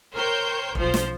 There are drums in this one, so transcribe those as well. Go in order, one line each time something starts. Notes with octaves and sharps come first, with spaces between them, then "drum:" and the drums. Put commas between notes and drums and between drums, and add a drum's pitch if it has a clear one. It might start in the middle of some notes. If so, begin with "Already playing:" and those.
A#4 C5 C#5 G5 G6
B1 F3 C5, drum: kick E1
drum: snare